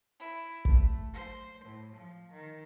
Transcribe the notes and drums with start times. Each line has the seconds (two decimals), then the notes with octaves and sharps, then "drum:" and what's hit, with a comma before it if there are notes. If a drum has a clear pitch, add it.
0.18 E4
0.65 A3, drum: kick
1.13 C5
1.65 A2
1.95 F3
2.33 D#3